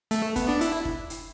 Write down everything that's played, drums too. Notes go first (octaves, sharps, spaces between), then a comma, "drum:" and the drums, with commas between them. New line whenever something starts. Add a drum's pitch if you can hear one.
A3, drum: hi-hat
B3, drum: kick, hi-hat
D4
E4, drum: hi-hat
drum: kick
drum: hi-hat